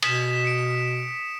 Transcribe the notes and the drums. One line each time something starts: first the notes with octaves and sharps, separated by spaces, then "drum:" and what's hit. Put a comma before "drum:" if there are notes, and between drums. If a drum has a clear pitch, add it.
B2 D#6 B6 E7, drum: cymbal
C#7 D7